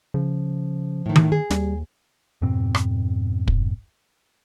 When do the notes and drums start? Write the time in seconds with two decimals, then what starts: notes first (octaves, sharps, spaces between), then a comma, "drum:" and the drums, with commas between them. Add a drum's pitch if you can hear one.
0.14 C#3 F3
1.06 A2 D#3
1.16 drum: tom D#3
1.32 G#4
1.50 D#2 G3, drum: snare
2.42 F2 G#2 B2 C4
2.75 drum: rim click
3.48 drum: kick